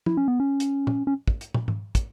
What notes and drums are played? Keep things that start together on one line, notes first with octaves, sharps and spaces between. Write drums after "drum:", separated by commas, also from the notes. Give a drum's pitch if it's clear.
E4, drum: tom
C#4
B3
C#4
drum: hi-hat
drum: tom
C#4
drum: kick
drum: hi-hat
drum: tom
drum: tom G#2
drum: kick, hi-hat